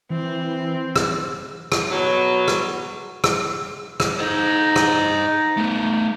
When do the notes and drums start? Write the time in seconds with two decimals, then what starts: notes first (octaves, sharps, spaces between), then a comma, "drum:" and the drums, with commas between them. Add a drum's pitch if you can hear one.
0.10 E3 C4
0.96 drum: rim click
1.72 drum: rim click
1.90 B2 F#3
2.48 drum: rim click
3.24 drum: rim click
4.00 drum: rim click
4.19 D#4 C5 D#5
4.76 drum: rim click
5.57 A3 B3